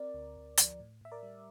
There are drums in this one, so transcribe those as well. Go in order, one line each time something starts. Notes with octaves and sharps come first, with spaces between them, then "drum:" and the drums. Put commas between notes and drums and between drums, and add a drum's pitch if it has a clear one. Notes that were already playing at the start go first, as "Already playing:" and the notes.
Already playing: C4 A#4 D5
D2
D2
F3, drum: hi-hat
A2
A2 E5
A#4 D5
G3